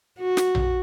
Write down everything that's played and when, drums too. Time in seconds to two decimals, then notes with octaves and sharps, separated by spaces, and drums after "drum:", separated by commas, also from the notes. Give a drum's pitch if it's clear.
0.19 F#4
0.37 drum: snare
0.55 drum: tom A#1